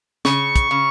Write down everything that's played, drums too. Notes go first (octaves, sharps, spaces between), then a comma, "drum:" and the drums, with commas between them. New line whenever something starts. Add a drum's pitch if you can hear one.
C#3 C#6, drum: snare
drum: kick, hi-hat
C#3